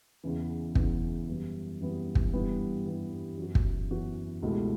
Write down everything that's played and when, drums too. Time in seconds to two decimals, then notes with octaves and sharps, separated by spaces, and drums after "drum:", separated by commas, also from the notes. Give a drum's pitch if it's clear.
0.24 E2 C#3 E3
0.75 E2 C#3 E3, drum: kick
1.28 F#2 E3 G3 B3
1.80 F#2 E3 G3 B3
2.15 drum: kick
2.33 G2 E3 G3 B3
2.85 G2 E3 G3 B3
3.37 F#2 E3 B3 F#4
3.55 drum: kick
3.90 F#2 E3 B3 F#4
4.42 C#2 B2 A3 E4 G4